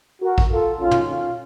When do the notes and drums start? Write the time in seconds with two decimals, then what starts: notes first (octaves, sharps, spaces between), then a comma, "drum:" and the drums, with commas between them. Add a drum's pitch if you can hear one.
0.22 F#4 A#4
0.38 drum: kick A1
0.51 F4 A4
0.80 D#2 D#3 F#3 C#4 F4
0.91 drum: tom
1.08 C#4 F4